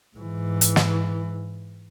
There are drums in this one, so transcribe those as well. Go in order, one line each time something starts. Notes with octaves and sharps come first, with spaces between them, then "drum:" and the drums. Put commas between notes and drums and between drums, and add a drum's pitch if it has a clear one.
G#2 E3
drum: hi-hat
drum: snare